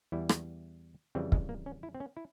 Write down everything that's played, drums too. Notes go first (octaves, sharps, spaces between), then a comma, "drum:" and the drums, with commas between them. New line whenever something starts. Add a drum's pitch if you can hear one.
E2 E3 G3 E4
drum: rim click
F2 C#3 E3 G3 C4
G#3, drum: kick
A#3
C#4
E4
C4
C#4
E4